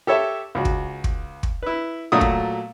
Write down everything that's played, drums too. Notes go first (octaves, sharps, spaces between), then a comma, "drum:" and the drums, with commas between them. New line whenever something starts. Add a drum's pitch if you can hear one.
G4 A4 C#5 E5
C#2 F#4
drum: kick
drum: kick
drum: kick
E4 B4
A#2 F#3 A3 F#4 D#6
drum: kick